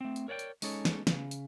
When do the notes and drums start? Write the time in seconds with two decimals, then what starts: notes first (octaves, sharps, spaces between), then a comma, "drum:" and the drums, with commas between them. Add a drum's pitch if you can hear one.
0.01 A3 C4
0.16 drum: hi-hat
0.28 A#4 C#5 D5 F#5 G5
0.39 drum: hi-hat
0.62 G#3 C#4 D#4 A4 C#5, drum: open hi-hat
0.85 drum: snare
1.07 C#3, drum: snare
1.31 drum: hi-hat